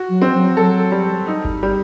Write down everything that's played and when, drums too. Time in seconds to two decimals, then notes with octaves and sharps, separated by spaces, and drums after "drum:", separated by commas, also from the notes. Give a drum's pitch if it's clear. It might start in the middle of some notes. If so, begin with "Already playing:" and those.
Already playing: F#4
0.09 F#3
0.22 C4
0.33 F#3
0.57 F#3 A4
0.92 G3
1.27 D#4
1.45 drum: kick G1
1.63 G3